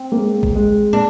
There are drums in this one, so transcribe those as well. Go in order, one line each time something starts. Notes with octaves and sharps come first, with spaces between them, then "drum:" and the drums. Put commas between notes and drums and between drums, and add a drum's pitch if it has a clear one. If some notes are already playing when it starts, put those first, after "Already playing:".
Already playing: C4
A#3
G#3
drum: kick A1
G#3
A#3 D4